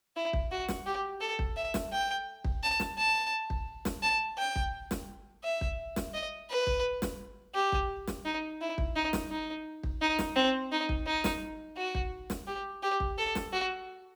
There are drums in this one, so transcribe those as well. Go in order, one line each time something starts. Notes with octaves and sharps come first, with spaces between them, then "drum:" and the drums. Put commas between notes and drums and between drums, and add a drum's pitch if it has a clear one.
E4
drum: kick
F#4
drum: snare
G4
A4
drum: kick
E5
drum: snare
G5
drum: kick
A5
drum: snare
A5
drum: kick
drum: snare
A5
G5
drum: kick
drum: snare
E5
drum: kick
drum: snare
D#5
B4
drum: kick
drum: snare
G4
drum: kick
drum: snare
D#4
E4
drum: kick
D#4
drum: snare
D#4
drum: kick
D#4
drum: snare
C4
D#4
drum: kick
D#4
drum: snare
F#4
drum: kick
drum: snare
G4
G4
drum: kick
A4
drum: snare
F#4